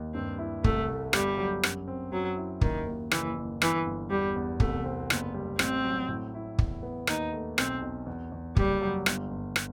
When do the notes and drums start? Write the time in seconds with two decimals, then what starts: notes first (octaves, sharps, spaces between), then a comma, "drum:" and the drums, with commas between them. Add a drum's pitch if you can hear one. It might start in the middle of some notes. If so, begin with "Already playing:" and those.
Already playing: D#2
0.14 G2 C4
0.39 E4
0.64 C2 A3, drum: kick
0.89 A3
1.13 G1 G3, drum: rim click
1.38 F#3
1.63 F#2, drum: rim click
1.88 C4
2.12 F#2 F#3
2.37 E4
2.61 D#2 D#3, drum: kick
2.86 D#2
3.11 F#1 E3, drum: rim click
3.36 F#1
3.62 G1 E3, drum: rim click
3.86 G1
4.10 E2 G3
4.36 E2
4.60 C2 A3, drum: kick
4.84 C4
5.10 F#1 B3, drum: rim click
5.34 G3
5.59 A1 C4, drum: rim click
5.84 F#3
6.09 A2
6.34 E4
6.59 E2, drum: kick
6.83 B3
7.07 D#2 D#4, drum: rim click
7.32 A3
7.58 B1 C4, drum: rim click
7.82 B1
8.06 E2
8.32 E2
8.56 F#1 G3, drum: kick
8.82 F#3
9.06 G1, drum: rim click
9.31 G1
9.56 drum: rim click